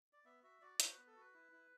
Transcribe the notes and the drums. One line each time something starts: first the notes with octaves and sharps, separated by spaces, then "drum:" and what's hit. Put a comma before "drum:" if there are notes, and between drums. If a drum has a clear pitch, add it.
D5
B3 E5
F#4 E5
F#4 D5
F#4 C5, drum: hi-hat
B3 B4
A4
F#4 B4
E4
E4